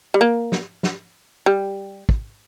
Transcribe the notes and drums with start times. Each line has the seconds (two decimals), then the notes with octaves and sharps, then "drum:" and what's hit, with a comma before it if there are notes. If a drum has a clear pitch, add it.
0.14 G3
0.21 A#3
0.52 drum: snare
0.83 drum: snare
1.46 G3
2.09 drum: kick